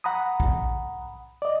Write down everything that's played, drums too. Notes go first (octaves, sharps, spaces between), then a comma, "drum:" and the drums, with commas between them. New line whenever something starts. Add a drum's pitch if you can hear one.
F#5 A#5 B5 D#6
drum: kick
D5 D#5